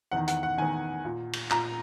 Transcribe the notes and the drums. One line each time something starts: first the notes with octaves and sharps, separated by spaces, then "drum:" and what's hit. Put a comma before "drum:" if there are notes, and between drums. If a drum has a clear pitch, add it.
E2 D#3 F#5
F#5, drum: hi-hat
F#5
E2 D#3 G#5
A#2
drum: cymbal
A#2 A#5, drum: clap